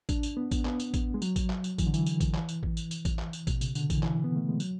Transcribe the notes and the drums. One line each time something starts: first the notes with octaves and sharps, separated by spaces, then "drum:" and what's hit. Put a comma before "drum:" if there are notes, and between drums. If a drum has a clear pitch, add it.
D4, drum: kick A1, tambourine
drum: tambourine
B3
drum: kick A1, tambourine
B3, drum: clap
drum: tambourine
drum: kick A1, tambourine
G#3
F#3, drum: tambourine
drum: kick A1, tambourine
drum: clap
drum: tambourine
E3, drum: kick A1, tambourine
D3
E3, drum: tambourine
drum: tambourine
drum: kick A1, tambourine
drum: clap
drum: tambourine
drum: kick A1
drum: tambourine
drum: tambourine
drum: kick A1, tambourine
drum: clap
drum: tambourine
B2, drum: kick A1, tambourine
C#3, drum: tambourine
D3, drum: tambourine
E3, drum: kick A1, tambourine
E3, drum: clap
B3
A3
G#3
F#3, drum: tambourine